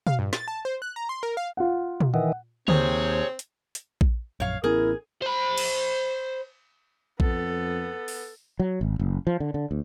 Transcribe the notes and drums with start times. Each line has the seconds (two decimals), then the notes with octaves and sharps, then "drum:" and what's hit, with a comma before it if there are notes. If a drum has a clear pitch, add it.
0.07 F5, drum: tom
0.19 G2
0.33 A6, drum: snare
0.48 A5
0.65 C5
0.82 F#6
0.96 A#5
1.09 C6
1.23 A#4
1.37 F5
1.57 F4 F5 F#5
2.00 drum: tom
2.14 D#3 E3 F#5
2.68 D#2 C3 C4 G#4 C5 C#5, drum: tom
3.39 drum: hi-hat
3.75 drum: hi-hat
4.01 drum: kick A#1
4.40 A#1 F#2 C#5 F5
4.64 A1 B3 C#4 E4 G#4 A#4
5.22 C5 B5
5.58 drum: cymbal
7.20 F2 B3 A4, drum: kick A#1
8.08 drum: open hi-hat
8.60 F#3
8.81 G#1
8.99 F#1
9.27 F3
9.40 D3
9.54 D3
9.71 D2